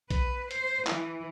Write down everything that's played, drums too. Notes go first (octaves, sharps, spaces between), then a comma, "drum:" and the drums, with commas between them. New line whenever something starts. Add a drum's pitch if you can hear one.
B4, drum: kick B1, hi-hat
C5, drum: hi-hat
E3, drum: clap